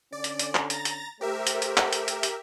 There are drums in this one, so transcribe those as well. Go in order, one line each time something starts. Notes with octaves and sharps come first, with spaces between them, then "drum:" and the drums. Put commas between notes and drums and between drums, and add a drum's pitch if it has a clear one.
D3 C#4 D5
drum: hi-hat
drum: hi-hat
drum: clap
A#5 A6 A#6, drum: hi-hat
drum: hi-hat
A3 G4 A#4 C5 E5
drum: hi-hat
drum: hi-hat
drum: clap
drum: hi-hat
drum: hi-hat
drum: hi-hat